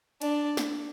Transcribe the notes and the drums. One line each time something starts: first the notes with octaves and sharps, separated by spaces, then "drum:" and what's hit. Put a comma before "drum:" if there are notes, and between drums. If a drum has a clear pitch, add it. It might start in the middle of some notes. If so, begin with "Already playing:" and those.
D4, drum: cymbal
drum: snare